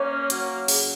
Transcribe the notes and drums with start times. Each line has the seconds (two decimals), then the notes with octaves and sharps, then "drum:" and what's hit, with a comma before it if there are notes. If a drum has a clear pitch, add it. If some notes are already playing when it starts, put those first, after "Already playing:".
Already playing: A#3 C#4 C#5
0.30 F#3, drum: hi-hat
0.68 C#3, drum: open hi-hat